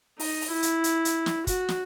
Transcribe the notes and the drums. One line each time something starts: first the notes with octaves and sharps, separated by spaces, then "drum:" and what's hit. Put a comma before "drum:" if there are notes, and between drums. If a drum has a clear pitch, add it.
D#4, drum: open hi-hat
drum: open hi-hat
E4
drum: hi-hat
drum: hi-hat
drum: hi-hat
drum: snare
F#4, drum: kick, hi-hat
drum: snare